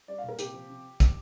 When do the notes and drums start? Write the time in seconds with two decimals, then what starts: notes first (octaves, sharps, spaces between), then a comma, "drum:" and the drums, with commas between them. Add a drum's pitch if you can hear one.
0.08 G3 D5
0.18 F5
0.24 A#2 A#4
0.39 C3 G4, drum: hi-hat
0.54 F3
0.70 C3
1.00 drum: kick, hi-hat